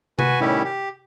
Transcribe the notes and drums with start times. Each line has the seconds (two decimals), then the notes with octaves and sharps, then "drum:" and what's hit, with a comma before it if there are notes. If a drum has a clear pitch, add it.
0.19 F#4 B4 G#5, drum: tom C3
0.41 A2 D#3 G3 C#4 E4 G4
0.64 G4